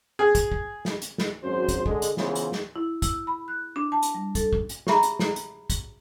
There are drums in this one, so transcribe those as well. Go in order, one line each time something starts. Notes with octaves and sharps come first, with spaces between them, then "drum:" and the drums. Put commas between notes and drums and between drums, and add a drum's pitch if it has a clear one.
G#4
drum: kick, hi-hat
drum: kick
drum: snare
drum: hi-hat
drum: snare
G#1 F#2 C5
drum: kick, hi-hat
D3 G#3, drum: kick
drum: hi-hat
C#3 E3 B3 F4 A#4 C5, drum: snare
drum: hi-hat
drum: snare
E4
E6, drum: kick, hi-hat
B5
F#6
D4
A5
drum: hi-hat
G3
A4, drum: kick, hi-hat
drum: kick
drum: hi-hat
G4 G#4 E5 A#5 B5, drum: snare
drum: hi-hat
drum: snare
drum: hi-hat
drum: kick, hi-hat